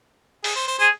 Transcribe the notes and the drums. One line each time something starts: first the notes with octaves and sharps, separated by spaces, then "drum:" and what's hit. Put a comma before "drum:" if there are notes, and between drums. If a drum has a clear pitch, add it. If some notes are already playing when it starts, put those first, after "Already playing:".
G#4, drum: open hi-hat
C5
C5
G#4 C5